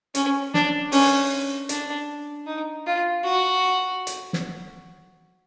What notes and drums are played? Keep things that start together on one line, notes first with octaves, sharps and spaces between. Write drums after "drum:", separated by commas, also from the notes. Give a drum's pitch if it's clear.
C#4, drum: hi-hat
D4, drum: snare
C#4, drum: open hi-hat
D4, drum: hi-hat
D#4
F4
F#4
drum: hi-hat
drum: snare